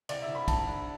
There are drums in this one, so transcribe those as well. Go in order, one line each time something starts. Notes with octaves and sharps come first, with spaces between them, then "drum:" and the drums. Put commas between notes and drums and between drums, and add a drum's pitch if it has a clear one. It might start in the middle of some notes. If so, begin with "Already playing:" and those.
C2 D5, drum: cymbal
E5
C2
B5
C2 A5, drum: kick, cymbal
D4